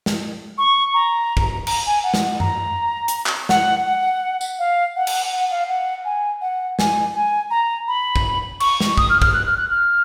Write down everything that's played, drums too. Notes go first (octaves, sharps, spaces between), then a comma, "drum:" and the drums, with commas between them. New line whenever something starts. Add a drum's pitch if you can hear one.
drum: snare
C#6
A#5
drum: kick
A#5, drum: cymbal
G#5
F#5
drum: snare
A#5, drum: tom F#2
drum: hi-hat
drum: clap
F#5, drum: snare
F#5
drum: tambourine
F5
F#5
drum: cymbal
F#5
F5
F#5
G#5
F#5
G#5, drum: snare
G#5
A#5
B5
drum: kick
C#6, drum: cymbal
drum: snare
D#6, drum: kick
F6
F6, drum: kick
F#6
F6
F#6
F6